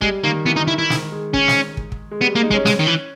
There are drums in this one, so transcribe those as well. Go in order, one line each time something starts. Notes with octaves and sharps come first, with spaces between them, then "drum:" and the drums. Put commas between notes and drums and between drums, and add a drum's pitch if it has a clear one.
G3 G#3, drum: kick
D#3 A#3
E3 B3
D#3 D#4
D#3 E4
E4
D#3, drum: snare
G#3
C#4, drum: kick
drum: snare
drum: kick
drum: kick
G#3
G3 B3
G#3 A#3
D#4
G#3, drum: kick
C#4
G#3, drum: snare
D#3
E3